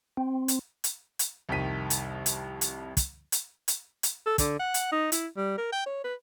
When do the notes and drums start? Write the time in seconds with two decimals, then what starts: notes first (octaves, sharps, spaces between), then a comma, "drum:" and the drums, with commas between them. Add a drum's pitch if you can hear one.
0.17 C4
0.48 drum: hi-hat
0.84 drum: hi-hat
1.19 drum: hi-hat
1.49 C2 F2 D#3 G5 B6 D#7
1.90 drum: hi-hat
2.26 drum: hi-hat
2.61 drum: hi-hat
2.97 drum: kick, hi-hat
3.32 drum: hi-hat
3.68 drum: hi-hat
4.03 drum: hi-hat
4.26 A4
4.38 D3, drum: kick, hi-hat
4.60 F#5
4.74 drum: hi-hat
4.92 D#4
5.12 E4, drum: hi-hat
5.37 G3
5.58 A#4
5.72 G5
5.86 C#5
6.04 B4